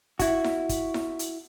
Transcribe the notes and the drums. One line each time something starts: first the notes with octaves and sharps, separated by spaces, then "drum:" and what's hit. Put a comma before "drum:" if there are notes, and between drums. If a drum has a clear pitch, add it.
E4 F#4, drum: kick, hi-hat
drum: snare E4
drum: kick, hi-hat
drum: snare E4
drum: hi-hat